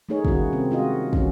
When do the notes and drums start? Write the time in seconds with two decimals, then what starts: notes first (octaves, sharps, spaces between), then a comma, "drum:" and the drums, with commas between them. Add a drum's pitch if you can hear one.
0.09 A3 A#3 D#4 G#4 C#5
0.25 D#3 G3 C#4 E4 F#4, drum: kick
0.53 C3 C4
0.71 G#3 F4 F#4 D#5
1.13 E3 C#4 F#4, drum: kick